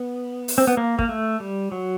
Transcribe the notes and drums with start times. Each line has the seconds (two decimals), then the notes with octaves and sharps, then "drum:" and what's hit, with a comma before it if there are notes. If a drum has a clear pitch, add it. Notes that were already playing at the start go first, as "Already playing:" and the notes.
Already playing: B3
0.48 drum: open hi-hat
0.58 C4
0.67 B3
0.77 A#3
0.99 A#3, drum: kick
1.09 A3
1.40 G3
1.72 F#3